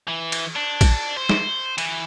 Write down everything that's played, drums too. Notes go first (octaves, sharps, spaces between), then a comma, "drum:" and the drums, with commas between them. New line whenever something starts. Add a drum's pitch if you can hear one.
E3
drum: cymbal
D4
drum: kick, cymbal
C5
drum: snare
E3, drum: cymbal